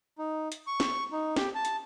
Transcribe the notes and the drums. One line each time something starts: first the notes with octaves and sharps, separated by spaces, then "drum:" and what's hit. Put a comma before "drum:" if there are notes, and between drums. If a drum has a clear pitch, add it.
D#4
drum: hi-hat
C#6
drum: snare
D#4
G4, drum: snare
A5
drum: hi-hat